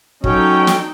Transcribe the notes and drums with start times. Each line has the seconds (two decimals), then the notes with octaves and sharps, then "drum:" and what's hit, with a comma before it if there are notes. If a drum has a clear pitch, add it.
0.24 F#3 C#4 D#4 F#4 A4 G5, drum: kick
0.67 drum: snare